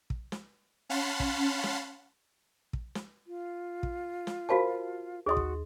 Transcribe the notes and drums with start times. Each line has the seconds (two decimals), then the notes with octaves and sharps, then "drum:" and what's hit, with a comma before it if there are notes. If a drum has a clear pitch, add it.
0.10 drum: kick
0.32 drum: snare
0.89 C#4 F5 F#5 A5 B5 C6
1.20 drum: kick
1.64 drum: snare
2.73 drum: kick
2.95 drum: snare
3.27 F4
3.83 drum: kick
4.27 drum: snare
4.49 F#4 A#4 C5 F5 A5 B5
5.26 D#2 F#4 G#4 D#5 C6 D#6
5.37 drum: kick